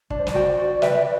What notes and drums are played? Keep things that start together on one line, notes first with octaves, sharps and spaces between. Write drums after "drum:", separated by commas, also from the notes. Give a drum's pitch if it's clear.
D4 D5, drum: kick
C5
D5, drum: snare
F#4 C5 G5
F#4
B4 E5 G5, drum: snare